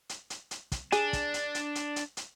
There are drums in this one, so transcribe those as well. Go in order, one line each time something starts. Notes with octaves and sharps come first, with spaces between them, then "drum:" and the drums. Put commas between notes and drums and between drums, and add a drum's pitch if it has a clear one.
drum: hi-hat
drum: hi-hat
drum: hi-hat
drum: kick, hi-hat
D4 G#4, drum: hi-hat
drum: kick, hi-hat
drum: hi-hat
drum: hi-hat
drum: hi-hat
drum: hi-hat
drum: hi-hat